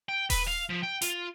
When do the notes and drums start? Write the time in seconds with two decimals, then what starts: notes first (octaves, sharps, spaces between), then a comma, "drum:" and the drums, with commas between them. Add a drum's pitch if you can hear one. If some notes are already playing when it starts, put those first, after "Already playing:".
0.09 G5
0.30 B4, drum: kick D#1, open hi-hat
0.47 F5
0.69 F3
0.82 G5
1.02 F4, drum: hi-hat